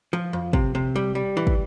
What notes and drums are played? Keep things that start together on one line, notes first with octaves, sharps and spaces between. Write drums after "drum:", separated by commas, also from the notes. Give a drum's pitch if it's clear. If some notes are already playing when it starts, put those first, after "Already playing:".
F3
F2
C3, drum: kick
C3
G3
G3
E3
drum: kick